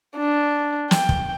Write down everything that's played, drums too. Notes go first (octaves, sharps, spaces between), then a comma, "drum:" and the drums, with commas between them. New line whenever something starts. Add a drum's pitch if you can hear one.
D4
G5, drum: snare
drum: kick